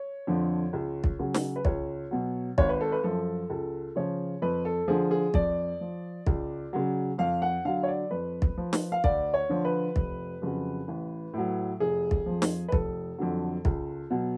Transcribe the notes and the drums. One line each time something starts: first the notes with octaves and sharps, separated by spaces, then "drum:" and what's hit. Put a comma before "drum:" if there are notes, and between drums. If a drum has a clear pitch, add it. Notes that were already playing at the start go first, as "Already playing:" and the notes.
Already playing: C#5
F2 D3 F3
C#2
drum: kick
C#3 F#3
drum: snare
B4
C#2 C#5, drum: kick
B2 F#3
G#1 C#5, drum: kick
B4
A4
B4
F#2 F3 A4
C#2 A4
C#3 F3 C#5
F2 B4
A4
D3 F3 G#4
G#4
F2 D5, drum: kick
F3
C#2, drum: kick
C#3 F#3
F2 F5
F#5
D3 F#3 F5
C#5
D5
F2 B4
drum: kick
F3
drum: snare
F5
D2 D5, drum: kick
C#5
D3 F3
B4
F1, drum: kick
F2 C#3 F#3
A1
A2 F#3
F1 G#4
drum: kick
F2 F3
drum: snare
B4
F1 A4, drum: kick
F2 D3 F#3
C#2, drum: kick
B2 F#3